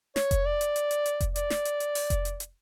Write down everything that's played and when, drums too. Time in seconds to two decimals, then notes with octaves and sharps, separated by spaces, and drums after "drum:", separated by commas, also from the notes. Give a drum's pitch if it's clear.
0.16 C#5, drum: snare
0.31 drum: kick F1, hi-hat
0.46 D5
0.61 drum: hi-hat
0.76 drum: hi-hat
0.91 drum: hi-hat
1.06 drum: hi-hat
1.20 drum: kick F1, hi-hat
1.36 D5, drum: hi-hat
1.50 drum: snare
1.65 drum: hi-hat
1.80 drum: hi-hat
1.95 drum: open hi-hat
2.10 drum: kick F1, hi-hat
2.25 drum: hi-hat
2.40 drum: hi-hat